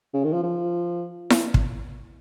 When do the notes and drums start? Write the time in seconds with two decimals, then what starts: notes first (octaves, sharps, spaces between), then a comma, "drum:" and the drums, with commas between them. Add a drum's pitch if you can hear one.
0.13 C#3
0.24 D#3
0.33 F3
0.43 F3
1.30 drum: snare E4
1.54 drum: kick